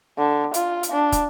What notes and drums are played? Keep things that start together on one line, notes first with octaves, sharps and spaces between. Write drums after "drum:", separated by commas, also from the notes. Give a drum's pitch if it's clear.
D3
F4, drum: hi-hat
drum: hi-hat
D4
drum: kick, hi-hat